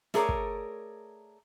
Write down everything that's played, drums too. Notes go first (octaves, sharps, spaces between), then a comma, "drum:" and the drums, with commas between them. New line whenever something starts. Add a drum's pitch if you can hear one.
A3 G#4 A#4 B4 C#5 D5, drum: snare
drum: kick